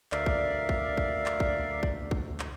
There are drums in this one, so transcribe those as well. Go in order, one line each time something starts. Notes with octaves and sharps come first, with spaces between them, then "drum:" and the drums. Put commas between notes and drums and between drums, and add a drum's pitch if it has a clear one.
D2 A#4 D5 E5 F5, drum: clap
drum: kick
drum: kick
drum: kick
drum: clap
drum: kick
drum: kick
drum: kick
drum: clap